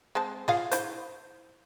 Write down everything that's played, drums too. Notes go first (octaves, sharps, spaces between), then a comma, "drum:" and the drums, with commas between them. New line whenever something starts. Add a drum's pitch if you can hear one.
G#3 C4 A5
F4 G#4 F5, drum: snare
E4 C5, drum: hi-hat